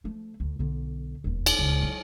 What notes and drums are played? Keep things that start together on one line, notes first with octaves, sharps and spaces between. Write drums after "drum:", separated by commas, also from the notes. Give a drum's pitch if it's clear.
F3 A3
D2
B1 D3
E1 D#2
drum: cymbal
D1 C#2
F#3